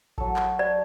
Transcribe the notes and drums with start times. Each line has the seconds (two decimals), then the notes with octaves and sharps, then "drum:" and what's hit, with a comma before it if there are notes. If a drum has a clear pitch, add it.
0.18 F#3 A4, drum: kick A1
0.36 drum: clap
0.59 D5